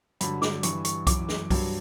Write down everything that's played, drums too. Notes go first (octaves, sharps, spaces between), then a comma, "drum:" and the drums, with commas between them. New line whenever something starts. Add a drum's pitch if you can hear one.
G2 D3 F#3 B5, drum: hi-hat
D6, drum: snare
G2 E3 C#6, drum: hi-hat
C#6, drum: hi-hat
F#2 E3 D6, drum: kick C2, hi-hat
drum: snare
G2 F#3, drum: kick C2, open hi-hat